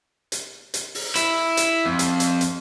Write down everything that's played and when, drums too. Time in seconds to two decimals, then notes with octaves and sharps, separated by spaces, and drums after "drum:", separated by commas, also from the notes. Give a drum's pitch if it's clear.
0.32 drum: hi-hat
0.74 drum: hi-hat
0.95 drum: open hi-hat
1.15 E4, drum: hi-hat
1.57 drum: hi-hat
1.85 F2
1.99 drum: hi-hat
2.20 drum: hi-hat
2.41 drum: hi-hat